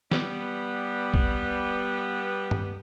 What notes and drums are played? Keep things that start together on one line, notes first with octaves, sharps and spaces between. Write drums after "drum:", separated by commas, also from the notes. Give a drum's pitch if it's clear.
G3 B3, drum: snare
drum: kick
drum: tom G2